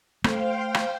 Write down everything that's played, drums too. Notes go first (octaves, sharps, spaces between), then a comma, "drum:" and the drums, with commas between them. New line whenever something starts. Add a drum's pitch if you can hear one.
A3 C5 F5 G5, drum: rim click
drum: rim click